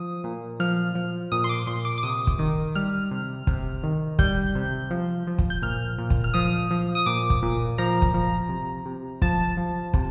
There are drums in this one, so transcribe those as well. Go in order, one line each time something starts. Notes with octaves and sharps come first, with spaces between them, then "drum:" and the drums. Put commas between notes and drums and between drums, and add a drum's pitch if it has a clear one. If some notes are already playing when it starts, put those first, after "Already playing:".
Already playing: F3 D#6
A#2
F3 F6
F3
A#2 D#6
C6
D6
A#2 C6
D6
D6
C3 D#6
drum: kick
D#3
G3 F6
C3
C3, drum: kick
D#3
G3 G6, drum: kick
C3
F3
F3
drum: kick
G6
A#2 F6
A#2
drum: kick
F6
F3 D#6
F3
D#6
A#2 D6
drum: kick
A#2
F3 A#5
drum: kick
F3
C3
C3
F3 A5, drum: kick
F3
C3, drum: kick